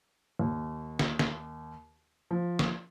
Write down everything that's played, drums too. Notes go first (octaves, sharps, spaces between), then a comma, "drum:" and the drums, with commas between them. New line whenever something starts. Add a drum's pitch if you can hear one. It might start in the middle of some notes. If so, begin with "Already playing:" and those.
D#2
drum: snare
drum: snare
F3
drum: snare